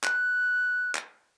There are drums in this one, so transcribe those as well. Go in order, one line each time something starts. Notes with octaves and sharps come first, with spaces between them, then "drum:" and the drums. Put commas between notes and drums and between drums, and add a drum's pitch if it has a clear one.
F#6, drum: clap
drum: clap